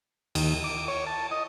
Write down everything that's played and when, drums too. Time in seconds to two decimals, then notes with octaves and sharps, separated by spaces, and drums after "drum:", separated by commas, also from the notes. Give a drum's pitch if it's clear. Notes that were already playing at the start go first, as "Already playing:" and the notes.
0.35 D#2, drum: cymbal
0.64 D6
0.88 C#5
1.07 A5
1.31 D#5